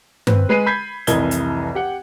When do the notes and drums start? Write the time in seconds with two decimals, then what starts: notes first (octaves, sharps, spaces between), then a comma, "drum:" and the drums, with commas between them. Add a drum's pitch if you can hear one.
0.27 C4 B4, drum: tom G2
0.49 G#3 B4 G#5 C7 D#7
0.66 B5 G6 G#6 B6 C7
1.07 F1 C2 E3 D#5 G#6 G7, drum: hi-hat
1.31 drum: hi-hat
1.75 G4 F#5 G5